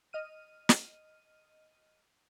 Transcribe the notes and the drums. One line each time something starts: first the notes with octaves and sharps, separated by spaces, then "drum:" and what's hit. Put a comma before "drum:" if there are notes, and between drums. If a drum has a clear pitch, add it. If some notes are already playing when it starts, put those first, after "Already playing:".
D#5 F6 D#7
drum: snare